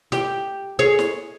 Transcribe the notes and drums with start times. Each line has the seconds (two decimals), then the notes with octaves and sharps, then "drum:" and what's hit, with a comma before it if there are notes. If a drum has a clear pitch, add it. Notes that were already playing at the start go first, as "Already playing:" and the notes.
0.12 G4, drum: snare
0.79 G#4 C#5
0.99 drum: snare